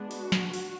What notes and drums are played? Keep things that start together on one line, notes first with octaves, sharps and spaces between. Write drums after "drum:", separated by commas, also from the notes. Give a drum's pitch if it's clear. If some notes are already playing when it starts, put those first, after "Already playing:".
Already playing: G#3 B3 D4
F#4, drum: open hi-hat
drum: snare
drum: open hi-hat